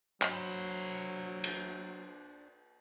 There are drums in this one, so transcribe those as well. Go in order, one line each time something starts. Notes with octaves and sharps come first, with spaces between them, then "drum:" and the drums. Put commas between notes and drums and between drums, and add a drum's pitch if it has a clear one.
F#3 D4 C5, drum: clap
drum: cymbal